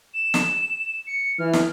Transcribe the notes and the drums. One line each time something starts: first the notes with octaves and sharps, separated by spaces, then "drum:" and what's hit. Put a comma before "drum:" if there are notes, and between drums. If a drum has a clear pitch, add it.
E7
drum: snare
C#7
E3 F6
drum: snare